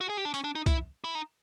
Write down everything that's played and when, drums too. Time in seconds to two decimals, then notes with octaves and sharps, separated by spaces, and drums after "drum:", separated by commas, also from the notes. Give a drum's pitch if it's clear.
0.01 F#4
0.09 G#4
0.17 G4
0.25 D4
0.34 C#4, drum: hi-hat
0.44 D4
0.55 D#4
0.66 E4, drum: kick, hi-hat
1.04 E4
1.15 D#4